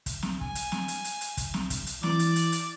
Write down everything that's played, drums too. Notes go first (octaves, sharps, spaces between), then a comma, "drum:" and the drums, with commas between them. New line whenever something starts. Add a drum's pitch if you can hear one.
drum: kick, hi-hat
drum: snare
G#5, drum: kick
drum: hi-hat
drum: snare
drum: hi-hat
drum: hi-hat
drum: hi-hat
drum: kick, hi-hat
drum: snare
drum: kick, hi-hat
drum: hi-hat
E3 D5, drum: snare
drum: hi-hat
drum: hi-hat
drum: hi-hat